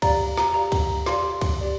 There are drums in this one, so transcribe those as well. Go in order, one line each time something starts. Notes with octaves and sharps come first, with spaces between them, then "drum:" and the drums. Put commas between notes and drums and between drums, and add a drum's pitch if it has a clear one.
G4 D5 F5 A#5, drum: kick, cymbal
A#5, drum: snare
G4 D5 F5 A#5
drum: kick, cymbal
G4 D5 F5 C6, drum: snare
drum: kick, cymbal
G4 D5 F5